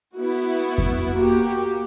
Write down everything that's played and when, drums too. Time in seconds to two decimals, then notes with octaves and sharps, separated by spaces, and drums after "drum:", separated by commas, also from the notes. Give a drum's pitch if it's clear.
0.16 B3 E4 F#4
0.78 drum: kick F2
1.16 A#3 F#4 G4